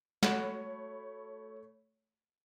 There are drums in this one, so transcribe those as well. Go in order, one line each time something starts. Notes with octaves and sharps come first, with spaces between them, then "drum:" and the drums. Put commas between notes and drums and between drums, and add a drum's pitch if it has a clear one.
A3 F#4 C#5 F#5 B5, drum: snare